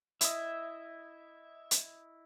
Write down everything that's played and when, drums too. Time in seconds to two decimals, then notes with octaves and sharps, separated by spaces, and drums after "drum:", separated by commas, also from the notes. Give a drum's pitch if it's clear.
0.21 E4 D#5 E5, drum: hi-hat
1.71 drum: hi-hat